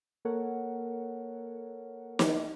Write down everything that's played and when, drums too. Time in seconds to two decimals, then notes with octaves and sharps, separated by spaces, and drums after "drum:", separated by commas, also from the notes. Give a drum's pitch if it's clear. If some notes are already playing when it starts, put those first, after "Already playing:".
0.25 A#3 A4 A#4 C#5 F#5
2.19 drum: snare